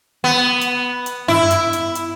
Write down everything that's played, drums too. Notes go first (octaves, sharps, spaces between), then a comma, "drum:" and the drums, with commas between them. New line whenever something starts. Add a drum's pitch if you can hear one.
B3
drum: hi-hat
drum: hi-hat
E4, drum: tom
drum: hi-hat
drum: hi-hat
drum: hi-hat